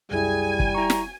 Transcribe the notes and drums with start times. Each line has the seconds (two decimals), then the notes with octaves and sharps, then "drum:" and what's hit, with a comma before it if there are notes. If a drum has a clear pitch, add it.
0.11 C2 F#2 G3 E4 G#4 G#5
0.60 drum: kick
0.75 E4 A#5 C#6
0.90 drum: snare